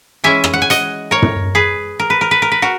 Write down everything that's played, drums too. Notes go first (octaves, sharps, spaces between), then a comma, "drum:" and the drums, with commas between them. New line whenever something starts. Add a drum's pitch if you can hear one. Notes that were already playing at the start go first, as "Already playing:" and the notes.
E3 G#3 C#4 E4 E5 G#5
drum: rim click
F#5
G#5
D#5 F#5, drum: hi-hat
A#4 C#5
drum: tom
G#4 B4
A#4
B4
A#4
B4
A#4
B4
F#4 A#4